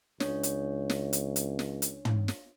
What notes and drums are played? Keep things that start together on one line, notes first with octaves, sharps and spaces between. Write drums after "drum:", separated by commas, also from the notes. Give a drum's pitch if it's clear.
C#2 D4 C#5, drum: snare
drum: hi-hat
drum: snare
drum: hi-hat
drum: hi-hat
drum: snare
drum: hi-hat
drum: tom
drum: snare